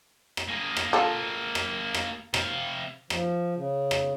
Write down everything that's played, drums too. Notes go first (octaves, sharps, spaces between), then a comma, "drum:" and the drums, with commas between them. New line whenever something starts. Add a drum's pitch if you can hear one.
drum: rim click
A#3 G#4
drum: rim click
F4 A4
drum: rim click
drum: rim click
C3 F5, drum: rim click
F3, drum: rim click
C#3
drum: rim click